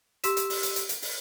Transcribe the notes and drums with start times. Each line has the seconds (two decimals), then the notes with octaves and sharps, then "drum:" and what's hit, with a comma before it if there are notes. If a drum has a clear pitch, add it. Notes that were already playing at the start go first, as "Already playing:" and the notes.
0.24 G4 C6 E6 B6 E7, drum: hi-hat
0.37 drum: hi-hat
0.50 drum: open hi-hat
0.63 drum: hi-hat
0.76 drum: hi-hat
0.89 drum: hi-hat
1.02 drum: open hi-hat